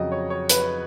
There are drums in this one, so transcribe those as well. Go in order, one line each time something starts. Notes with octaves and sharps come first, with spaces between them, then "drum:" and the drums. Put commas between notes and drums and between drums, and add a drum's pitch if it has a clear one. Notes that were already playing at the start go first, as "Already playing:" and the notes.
Already playing: F2 C#3 F#3 D#5
C#5
C#5
B4, drum: hi-hat